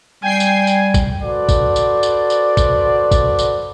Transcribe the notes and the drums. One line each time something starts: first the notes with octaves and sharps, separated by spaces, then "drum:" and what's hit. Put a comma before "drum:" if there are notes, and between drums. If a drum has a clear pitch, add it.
G3 G5 G#5 G#6 C7
drum: tambourine
drum: tambourine
drum: kick, tambourine
F#4 A4 B4 C5 D5
drum: kick, tambourine
drum: tambourine
drum: tambourine
drum: tambourine
drum: kick, tambourine
drum: kick, tambourine
drum: tambourine